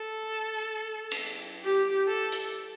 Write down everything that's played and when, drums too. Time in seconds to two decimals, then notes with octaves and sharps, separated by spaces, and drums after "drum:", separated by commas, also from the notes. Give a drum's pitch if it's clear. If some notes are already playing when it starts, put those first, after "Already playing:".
Already playing: A4
1.11 drum: cymbal
1.64 G4
2.07 A4
2.32 drum: hi-hat